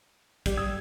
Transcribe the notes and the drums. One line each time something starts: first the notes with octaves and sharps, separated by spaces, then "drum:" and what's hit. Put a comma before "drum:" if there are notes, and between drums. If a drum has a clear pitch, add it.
G3, drum: kick, hi-hat
D#6 E6 G#6